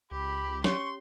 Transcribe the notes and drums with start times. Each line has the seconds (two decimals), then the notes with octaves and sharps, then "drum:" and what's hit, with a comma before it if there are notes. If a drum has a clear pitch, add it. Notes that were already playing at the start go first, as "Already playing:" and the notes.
0.11 C#2 G4 B5
0.64 C#4 G4 C#5 C6 C#6, drum: snare